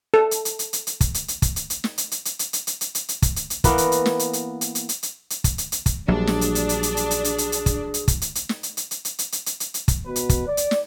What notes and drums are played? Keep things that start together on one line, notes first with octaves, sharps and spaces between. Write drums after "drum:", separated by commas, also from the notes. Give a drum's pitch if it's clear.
A4
drum: hi-hat
drum: hi-hat
drum: hi-hat
drum: hi-hat
drum: hi-hat
drum: kick, hi-hat
drum: hi-hat
drum: hi-hat
drum: kick, hi-hat
drum: hi-hat
drum: hi-hat
drum: snare
drum: hi-hat
drum: hi-hat
drum: hi-hat
drum: hi-hat
drum: hi-hat
drum: hi-hat
drum: hi-hat
drum: hi-hat
drum: hi-hat
drum: kick, hi-hat
drum: hi-hat
drum: hi-hat
E3 A#3 B3 A#4, drum: kick, hi-hat
drum: hi-hat
drum: hi-hat
drum: snare
drum: hi-hat
drum: hi-hat
drum: hi-hat
drum: hi-hat
drum: hi-hat
drum: hi-hat
drum: hi-hat
drum: kick, hi-hat
drum: hi-hat
drum: hi-hat
drum: kick, hi-hat
A#1 F#3 G3 D4 G#4
drum: snare
drum: hi-hat
drum: hi-hat
drum: hi-hat
drum: hi-hat
drum: hi-hat
drum: hi-hat
drum: hi-hat
drum: hi-hat
drum: hi-hat
drum: kick, hi-hat
drum: hi-hat
drum: kick, hi-hat
drum: hi-hat
drum: hi-hat
drum: snare
drum: hi-hat
drum: hi-hat
drum: hi-hat
drum: hi-hat
drum: hi-hat
drum: hi-hat
drum: hi-hat
drum: hi-hat
drum: hi-hat
drum: kick, hi-hat
B2 B4
drum: hi-hat
drum: kick, hi-hat
D5
drum: hi-hat
drum: snare